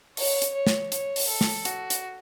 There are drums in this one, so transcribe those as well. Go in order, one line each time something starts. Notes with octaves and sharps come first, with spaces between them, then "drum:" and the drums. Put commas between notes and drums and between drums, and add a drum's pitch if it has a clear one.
C#5, drum: open hi-hat
drum: hi-hat
C#5
drum: snare
C#5, drum: hi-hat
drum: open hi-hat
A4
drum: snare
F#4, drum: hi-hat
drum: hi-hat